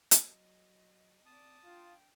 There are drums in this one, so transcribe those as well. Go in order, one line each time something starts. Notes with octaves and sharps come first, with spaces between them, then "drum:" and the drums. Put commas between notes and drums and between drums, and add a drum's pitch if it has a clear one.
drum: hi-hat
F#3 D#5
C4 D5 A5 D#6
D4 F4 G5